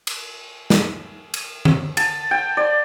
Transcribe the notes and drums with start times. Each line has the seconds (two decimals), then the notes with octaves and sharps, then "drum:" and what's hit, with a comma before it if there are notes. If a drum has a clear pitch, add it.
0.07 drum: cymbal
0.70 drum: snare
1.34 drum: cymbal
1.65 drum: tom D3
1.97 A5, drum: cymbal
2.31 G5
2.57 D5